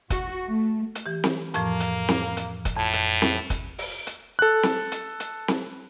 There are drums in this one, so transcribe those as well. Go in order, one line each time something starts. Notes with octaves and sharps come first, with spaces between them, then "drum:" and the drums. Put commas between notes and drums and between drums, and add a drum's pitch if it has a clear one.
F#4, drum: kick, hi-hat
A3
drum: hi-hat
E3 G4
drum: snare C4
F2 A2 F3 A#3, drum: hi-hat
drum: hi-hat
drum: snare C4
drum: hi-hat
drum: kick, hi-hat
F2 A2
drum: hi-hat
drum: snare C4
drum: kick, hi-hat
drum: open hi-hat
drum: hi-hat
A4 F#6
drum: snare C4
drum: hi-hat
drum: hi-hat
drum: snare C4